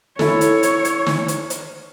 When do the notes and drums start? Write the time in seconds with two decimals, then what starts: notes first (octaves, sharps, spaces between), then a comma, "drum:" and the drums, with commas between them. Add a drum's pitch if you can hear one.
0.19 E4 A4 C#5, drum: snare
0.41 drum: hi-hat
0.63 drum: hi-hat
0.85 drum: hi-hat
1.06 drum: snare
1.28 drum: hi-hat
1.50 drum: hi-hat